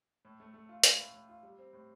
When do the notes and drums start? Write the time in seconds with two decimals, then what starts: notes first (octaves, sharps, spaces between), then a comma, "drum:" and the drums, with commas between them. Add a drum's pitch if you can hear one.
0.25 A2
0.40 A3
0.54 A3
0.69 F4
0.83 F4, drum: hi-hat
0.99 A2
1.14 A2
1.29 F4
1.43 G3
1.58 C4
1.73 A2